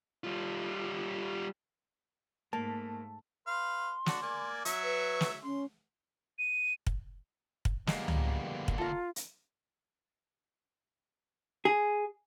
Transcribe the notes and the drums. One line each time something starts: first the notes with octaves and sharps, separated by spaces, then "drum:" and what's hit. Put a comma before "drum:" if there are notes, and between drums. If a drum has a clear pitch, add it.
G3 F4
G#2 A3 A#3 A5
B4 F5 C6
D4 F#4, drum: snare
A#3 D5 G#5
F#3 E5 C#6, drum: hi-hat
B4
drum: snare
C#4 C6
D#7
drum: kick
drum: kick
D3 F3 G3 G#3 A#3 B3, drum: snare
drum: tom C#2
drum: kick
F4 A4 A#5
drum: hi-hat
G#4